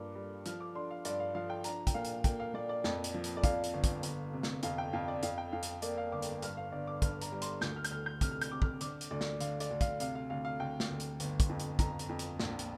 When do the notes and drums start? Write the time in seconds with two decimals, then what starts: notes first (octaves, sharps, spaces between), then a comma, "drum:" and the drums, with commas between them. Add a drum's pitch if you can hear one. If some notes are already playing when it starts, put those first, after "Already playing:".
Already playing: G2 A#3 F4 D6
0.15 G3
0.46 F3 F6, drum: hi-hat
0.61 D6
0.75 D4 C6
0.91 F5
1.05 G2 D5, drum: hi-hat
1.20 F5
1.35 F3 F5
1.50 G5
1.64 D4 A#5, drum: hi-hat
1.87 G5, drum: kick, hi-hat
1.94 A#2 F5
2.05 drum: hi-hat
2.24 A#3 G5, drum: kick, hi-hat
2.40 F5
2.54 A#2 D5
2.69 D5
2.84 F2, drum: snare
3.04 drum: hi-hat
3.14 F3
3.24 drum: hi-hat
3.37 D5
3.44 F2 F5, drum: kick, hi-hat
3.64 drum: hi-hat
3.74 G1
3.84 drum: kick, hi-hat
4.03 G1, drum: hi-hat
4.33 C3
4.43 drum: snare
4.63 F2 F5, drum: hi-hat
4.78 G5
4.93 F2 F5
5.08 D5
5.23 F2 F5, drum: hi-hat
5.38 G5
5.52 F2 F5
5.63 drum: hi-hat
5.82 A#3 D5, drum: hi-hat
5.97 F5
6.12 G1 D6
6.22 drum: hi-hat
6.42 G2 F6, drum: hi-hat
6.57 F5
6.72 G1 D5
6.87 D6
7.02 G2 F6, drum: kick, hi-hat
7.22 A#5, drum: hi-hat
7.32 G3
7.42 C6, drum: hi-hat
7.61 D2 G6, drum: snare
7.76 F6
7.85 G6, drum: hi-hat
7.91 D2 F6
8.06 G6
8.21 C3 F6, drum: kick, hi-hat
8.31 F6
8.41 G6, drum: hi-hat
8.52 C3 D6
8.62 F6, drum: kick
8.81 D3 D6, drum: hi-hat
9.01 drum: hi-hat
9.11 D2 D5
9.21 drum: snare
9.40 D3 F5, drum: hi-hat
9.60 D5, drum: hi-hat
9.71 D2
9.81 F5, drum: kick, hi-hat
10.00 C3 F5, drum: hi-hat
10.15 F5
10.30 D2 F5
10.45 F5
10.60 D2 G5
10.80 drum: snare
10.90 D2
11.00 drum: hi-hat
11.20 G1, drum: hi-hat
11.40 drum: kick, hi-hat
11.49 F2
11.60 drum: hi-hat
11.79 F2 A#5, drum: kick, hi-hat
11.99 drum: hi-hat
12.09 F2
12.19 drum: hi-hat
12.40 A#1, drum: snare
12.59 drum: hi-hat